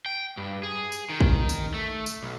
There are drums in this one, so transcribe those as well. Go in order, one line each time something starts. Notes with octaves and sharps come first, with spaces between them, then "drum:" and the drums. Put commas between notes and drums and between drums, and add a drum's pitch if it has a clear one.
G5
G2
G#4
drum: tambourine
D#3
drum: kick
drum: tambourine
A3
drum: tambourine
B1